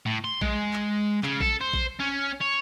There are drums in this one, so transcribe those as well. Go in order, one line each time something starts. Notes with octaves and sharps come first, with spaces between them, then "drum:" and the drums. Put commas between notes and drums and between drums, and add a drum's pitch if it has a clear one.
A2
C6
G#3, drum: kick A#1
drum: clap
C#3, drum: clap
A4, drum: kick A#1
C5
drum: kick A#1
C#4
C#5